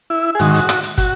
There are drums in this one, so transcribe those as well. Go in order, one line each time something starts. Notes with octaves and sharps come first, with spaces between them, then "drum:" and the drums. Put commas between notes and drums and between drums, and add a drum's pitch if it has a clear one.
E4
G#4
G#2 D#3 F#4, drum: hi-hat
drum: hi-hat
drum: rim click
drum: hi-hat
F#4, drum: kick, hi-hat